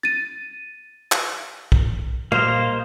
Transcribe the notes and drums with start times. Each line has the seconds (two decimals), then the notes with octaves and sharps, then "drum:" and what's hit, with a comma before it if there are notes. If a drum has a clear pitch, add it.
0.03 A6 D#7
1.12 drum: clap
1.72 drum: kick
2.32 A#2 G3 A#3 C5 D#5 F5